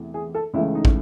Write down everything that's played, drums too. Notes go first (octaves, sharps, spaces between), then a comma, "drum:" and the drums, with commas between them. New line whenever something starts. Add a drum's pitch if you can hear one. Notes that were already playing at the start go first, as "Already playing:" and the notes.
Already playing: E2 C3 A3
G#4
A4
C#2 C#3 E3 A3 E4
D#4
drum: kick